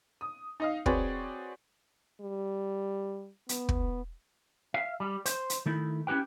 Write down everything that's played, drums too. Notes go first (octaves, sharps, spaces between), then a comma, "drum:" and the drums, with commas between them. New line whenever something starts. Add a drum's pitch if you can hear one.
D#6
D#4 D#5 F5
C4 F#4 G#4 B4 C#5 D5, drum: kick
G3
B3, drum: hi-hat
drum: kick
E5 F5
G3
C5, drum: hi-hat
drum: hi-hat
D#3 A3 E4
C#4 E4 G4 B4 G5